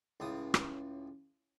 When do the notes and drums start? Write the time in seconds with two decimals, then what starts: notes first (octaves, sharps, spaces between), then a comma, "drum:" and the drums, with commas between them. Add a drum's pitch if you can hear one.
0.20 C#2 A2 D#6
0.54 drum: rim click